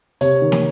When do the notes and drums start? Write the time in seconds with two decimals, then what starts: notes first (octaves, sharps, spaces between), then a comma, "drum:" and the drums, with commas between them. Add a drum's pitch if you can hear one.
0.21 C3 C#5, drum: hi-hat
0.42 D#3
0.52 drum: snare